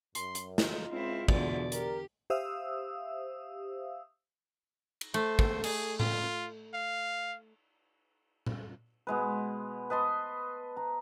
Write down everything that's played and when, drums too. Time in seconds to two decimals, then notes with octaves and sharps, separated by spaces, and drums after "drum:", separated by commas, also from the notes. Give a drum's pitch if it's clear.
0.15 F#2 C6, drum: hi-hat
0.35 drum: hi-hat
0.58 D#4 F4, drum: snare
0.91 C#2 G#3 C4 E4 F4
1.28 E2 B2 D3 F3 G#3 F4 D5, drum: kick
1.72 G4 A#4, drum: hi-hat
2.30 G4 C5 E5 F5 D#6 E6
5.01 drum: cymbal
5.14 A3 C5, drum: cymbal
5.39 drum: kick
5.64 G#4, drum: cymbal
6.00 F4, drum: tom A2
6.74 F5
8.46 drum: tom A#2
9.07 B2 G#3 B4
9.90 B4 D#5 A5 C6
10.77 A#5